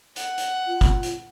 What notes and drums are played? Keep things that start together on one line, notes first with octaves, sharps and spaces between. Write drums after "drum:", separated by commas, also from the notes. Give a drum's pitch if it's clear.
F#5, drum: hi-hat
drum: hi-hat
F4
drum: kick, hi-hat
drum: hi-hat